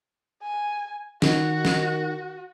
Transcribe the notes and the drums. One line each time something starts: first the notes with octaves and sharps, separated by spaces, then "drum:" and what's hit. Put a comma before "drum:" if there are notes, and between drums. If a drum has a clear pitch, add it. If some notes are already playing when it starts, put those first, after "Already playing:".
G#5
D#3 F#4, drum: snare
drum: snare